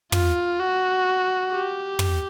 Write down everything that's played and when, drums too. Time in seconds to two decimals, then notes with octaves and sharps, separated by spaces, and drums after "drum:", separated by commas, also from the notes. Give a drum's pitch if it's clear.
0.12 F4, drum: tom
0.59 F#4
1.52 G4
1.99 drum: tom